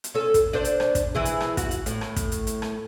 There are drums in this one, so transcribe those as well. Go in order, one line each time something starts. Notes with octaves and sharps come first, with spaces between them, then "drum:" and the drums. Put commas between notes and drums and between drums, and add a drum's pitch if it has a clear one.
drum: hi-hat
C#4 A4
drum: kick, hi-hat
D4 C5 D5
drum: hi-hat
drum: rim click
drum: kick, hi-hat
E3 E4 G#4
drum: hi-hat
drum: rim click
F#4, drum: kick, hi-hat
drum: hi-hat
A2, drum: hi-hat
drum: rim click
drum: kick, hi-hat
drum: hi-hat
drum: hi-hat
drum: rim click